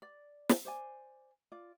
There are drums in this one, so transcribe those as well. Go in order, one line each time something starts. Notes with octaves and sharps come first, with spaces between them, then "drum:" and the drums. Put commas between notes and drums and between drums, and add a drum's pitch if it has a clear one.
D5
drum: snare
C5 D5 G#5
F4 D5